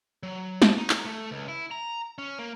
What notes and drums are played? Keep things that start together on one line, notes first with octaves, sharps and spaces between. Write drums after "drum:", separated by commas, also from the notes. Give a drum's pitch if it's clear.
F#3
A5, drum: snare
D#4
drum: clap
A3
C#2
E4
A#5
C#4
A#3